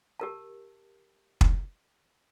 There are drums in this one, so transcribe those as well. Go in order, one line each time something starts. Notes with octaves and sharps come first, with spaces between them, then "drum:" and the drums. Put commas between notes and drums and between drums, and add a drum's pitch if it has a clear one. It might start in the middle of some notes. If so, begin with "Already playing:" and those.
G4 A#4 A5
drum: kick